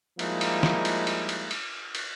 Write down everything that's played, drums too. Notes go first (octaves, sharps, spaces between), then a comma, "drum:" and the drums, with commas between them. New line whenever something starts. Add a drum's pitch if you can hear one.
F3 G3 G#3 A#3 D#4 E4, drum: cymbal
drum: cymbal
drum: snare
drum: cymbal
drum: cymbal
drum: cymbal
drum: cymbal
drum: cymbal